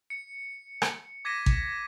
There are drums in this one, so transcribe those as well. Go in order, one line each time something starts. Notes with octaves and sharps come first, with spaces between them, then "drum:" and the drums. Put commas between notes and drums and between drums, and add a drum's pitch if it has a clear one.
C#7
drum: rim click
D6 G#6 A#6 B6 D#7
drum: kick G#1